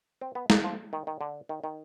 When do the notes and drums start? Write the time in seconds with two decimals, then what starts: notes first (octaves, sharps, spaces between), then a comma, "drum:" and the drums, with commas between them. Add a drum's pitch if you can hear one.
0.21 C4
0.35 B3
0.50 A#3, drum: snare
0.64 F3
0.93 D#3
1.07 D#3
1.21 D3
1.49 D#3
1.64 D#3